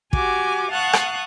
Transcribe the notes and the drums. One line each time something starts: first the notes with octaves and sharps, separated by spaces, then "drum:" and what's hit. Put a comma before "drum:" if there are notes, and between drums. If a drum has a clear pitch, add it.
F#4 G4 G#5 D6, drum: kick
F5 F#5 A5 C#6 D#6 F#6
drum: rim click